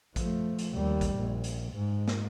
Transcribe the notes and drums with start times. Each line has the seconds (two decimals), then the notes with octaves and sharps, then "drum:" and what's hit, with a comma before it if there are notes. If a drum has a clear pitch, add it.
0.16 F3 A3, drum: kick A1, hi-hat
0.59 drum: hi-hat
0.74 D#2 G3
1.01 drum: kick A1, hi-hat
1.16 A#1
1.44 drum: hi-hat
1.73 G#2
2.08 drum: snare